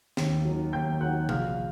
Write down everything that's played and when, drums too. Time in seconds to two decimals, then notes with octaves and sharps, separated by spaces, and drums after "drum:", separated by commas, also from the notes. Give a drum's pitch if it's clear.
0.17 D#2, drum: snare
0.45 D#3 F#3
0.73 D#2 G5 G6
1.00 D#3 F#3 F#5 F#6
1.29 A#1 F5 F6, drum: tom C3